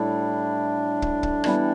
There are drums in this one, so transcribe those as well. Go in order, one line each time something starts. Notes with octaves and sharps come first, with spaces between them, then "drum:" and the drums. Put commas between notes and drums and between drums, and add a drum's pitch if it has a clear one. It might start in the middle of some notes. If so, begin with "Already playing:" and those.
Already playing: A2 G3 D4 E4
drum: kick
drum: kick
E3 G3 B3 E4, drum: rim click